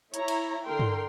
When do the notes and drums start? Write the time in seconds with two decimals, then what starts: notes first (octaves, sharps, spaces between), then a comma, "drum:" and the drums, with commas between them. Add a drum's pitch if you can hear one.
0.14 E4 C#5 A#5, drum: hi-hat
0.28 drum: cymbal
0.66 D3 A#4 G5 C6
0.80 drum: tom G2